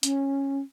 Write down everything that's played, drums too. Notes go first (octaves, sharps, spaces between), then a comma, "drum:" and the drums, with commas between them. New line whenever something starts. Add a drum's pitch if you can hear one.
C#4, drum: hi-hat